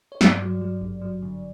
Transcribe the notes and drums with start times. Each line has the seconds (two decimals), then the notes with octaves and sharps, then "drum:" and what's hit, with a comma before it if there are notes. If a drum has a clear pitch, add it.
0.12 C#5
0.21 G2 D5, drum: snare
0.42 F#3
0.61 F#3
0.81 G#1
1.02 F#3
1.22 D3